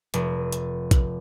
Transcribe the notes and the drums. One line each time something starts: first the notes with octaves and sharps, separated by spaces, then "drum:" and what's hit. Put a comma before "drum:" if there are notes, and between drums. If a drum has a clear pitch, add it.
F1, drum: hi-hat
drum: hi-hat
drum: kick A#1, hi-hat